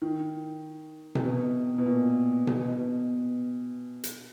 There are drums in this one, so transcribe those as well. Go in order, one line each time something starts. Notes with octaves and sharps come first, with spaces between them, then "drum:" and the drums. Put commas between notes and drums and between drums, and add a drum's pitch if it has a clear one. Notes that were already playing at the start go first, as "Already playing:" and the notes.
D#3
C3, drum: tom B2
B2
B2
A#2
B2, drum: tom B2
B2
drum: hi-hat